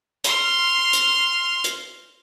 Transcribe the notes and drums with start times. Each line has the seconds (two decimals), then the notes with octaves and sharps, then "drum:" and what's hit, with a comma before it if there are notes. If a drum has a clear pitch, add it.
0.24 C6 F6, drum: hi-hat
0.93 drum: hi-hat
1.64 drum: hi-hat